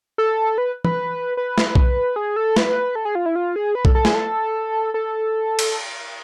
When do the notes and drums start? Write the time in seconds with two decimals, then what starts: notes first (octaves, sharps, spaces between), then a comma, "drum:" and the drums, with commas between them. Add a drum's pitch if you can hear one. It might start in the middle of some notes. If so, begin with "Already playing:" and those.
0.18 A4
0.58 B4
0.85 B4, drum: tom
1.37 B4
1.58 drum: snare
1.75 drum: kick B1
2.16 G#4
2.36 A4
2.56 B4, drum: snare
2.95 A4
3.05 G#4
3.15 F4
3.26 E4
3.36 F4
3.56 G#4
3.75 B4
3.85 A4, drum: kick B1
3.95 A4
4.05 G#4, drum: snare
4.14 A4
4.94 A4
5.59 drum: cymbal